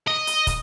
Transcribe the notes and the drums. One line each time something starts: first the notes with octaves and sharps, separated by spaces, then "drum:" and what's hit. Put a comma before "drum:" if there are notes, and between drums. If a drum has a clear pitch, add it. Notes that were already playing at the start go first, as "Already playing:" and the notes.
D#5
drum: hi-hat
drum: kick, hi-hat